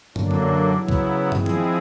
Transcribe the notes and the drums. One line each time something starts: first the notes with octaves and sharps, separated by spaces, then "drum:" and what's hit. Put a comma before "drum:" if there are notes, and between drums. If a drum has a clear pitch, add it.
F#2 D3 F#3 A#3 D4, drum: tom
drum: tom D3
C#3 F#3 B3 E4
drum: kick
F3 G#3 C4 E4 G#4, drum: tom
drum: tom